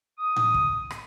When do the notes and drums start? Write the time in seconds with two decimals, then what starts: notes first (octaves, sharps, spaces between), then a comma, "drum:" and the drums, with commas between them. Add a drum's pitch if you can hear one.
0.18 D#6
0.36 drum: tom A2
0.54 drum: kick
0.90 drum: rim click